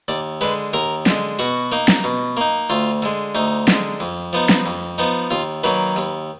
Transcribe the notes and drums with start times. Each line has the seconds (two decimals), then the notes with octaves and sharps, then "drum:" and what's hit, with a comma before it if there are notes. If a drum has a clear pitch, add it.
0.08 D#2 D5, drum: tambourine
0.41 D3 G#3 B4, drum: tambourine
0.73 D#2 A#4, drum: tambourine
1.06 D3 G#3, drum: snare
1.39 B2 F#4, drum: tambourine
1.72 A#3 D#4, drum: tambourine
1.88 drum: snare
2.04 B2, drum: tambourine
2.37 A#3 D#4
2.69 D2 F4, drum: tambourine
3.02 D3 G#3, drum: tambourine
3.35 D2 D#4, drum: tambourine
3.68 D3 G#3, drum: snare
4.00 F2, drum: tambourine
4.33 F3 B3 D#4, drum: tambourine
4.49 drum: snare
4.66 F2, drum: tambourine
4.98 F3 B3 D#4, drum: tambourine
5.31 D#2 F4, drum: tambourine
5.64 D#3 F#3 A#3 B4, drum: tambourine
5.96 D#2, drum: tambourine